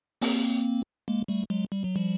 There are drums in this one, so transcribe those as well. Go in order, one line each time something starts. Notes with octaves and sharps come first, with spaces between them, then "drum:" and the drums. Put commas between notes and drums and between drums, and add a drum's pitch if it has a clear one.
A#3 C4, drum: open hi-hat
G#3 A#3
G3 A3
F#3 G#3
G3
F#3
F3 G3